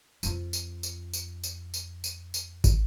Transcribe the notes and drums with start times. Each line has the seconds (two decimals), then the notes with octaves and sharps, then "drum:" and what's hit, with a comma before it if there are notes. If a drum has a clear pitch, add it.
0.23 F2 F4, drum: tambourine
0.53 drum: tambourine
0.83 drum: tambourine
1.13 drum: tambourine
1.44 drum: tambourine
1.74 drum: tambourine
2.04 drum: tambourine
2.34 drum: tambourine
2.64 drum: kick, tambourine